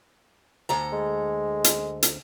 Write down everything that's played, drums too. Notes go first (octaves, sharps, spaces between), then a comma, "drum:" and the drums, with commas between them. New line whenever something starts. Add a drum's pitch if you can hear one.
D2 A4 A#5
G#3
drum: hi-hat
drum: hi-hat